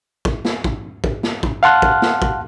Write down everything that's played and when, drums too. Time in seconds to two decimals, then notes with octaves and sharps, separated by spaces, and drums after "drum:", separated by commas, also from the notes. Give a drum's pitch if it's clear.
0.25 drum: kick
0.45 drum: snare
0.64 drum: kick
1.04 drum: kick
1.23 drum: snare
1.43 drum: kick
1.63 F5 F#5 A5 C6 F6 F#6
1.82 drum: kick
2.02 drum: snare
2.22 drum: kick